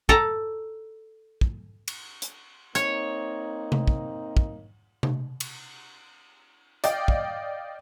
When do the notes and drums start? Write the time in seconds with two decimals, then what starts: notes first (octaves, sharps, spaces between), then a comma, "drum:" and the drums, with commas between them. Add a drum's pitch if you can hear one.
0.09 A4 A#5, drum: kick
1.41 drum: kick
1.88 drum: cymbal
2.22 drum: hi-hat
2.75 A#3 C4 D#4 C#5, drum: hi-hat
3.72 drum: tom C3
3.88 drum: kick
4.37 drum: kick
5.03 drum: tom C3
5.40 drum: cymbal
6.84 D5 D#5 F5 G5, drum: hi-hat
7.08 drum: kick